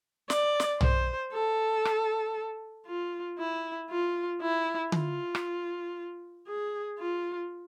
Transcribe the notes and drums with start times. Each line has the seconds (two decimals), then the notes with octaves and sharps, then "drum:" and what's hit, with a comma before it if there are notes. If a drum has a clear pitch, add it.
0.30 D5, drum: snare
0.60 drum: snare
0.81 C5, drum: tom
1.33 A4
1.85 drum: rim click
2.87 F4
3.38 E4
3.90 F4
4.41 E4
4.92 F4, drum: tom D3
5.35 drum: rim click
6.47 G#4
6.99 F4